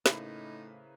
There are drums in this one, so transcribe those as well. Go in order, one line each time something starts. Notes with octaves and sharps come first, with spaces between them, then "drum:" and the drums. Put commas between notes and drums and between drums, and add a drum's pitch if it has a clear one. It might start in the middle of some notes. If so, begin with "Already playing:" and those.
A2 C#3 A#3 D#4 E4 B4 C5, drum: snare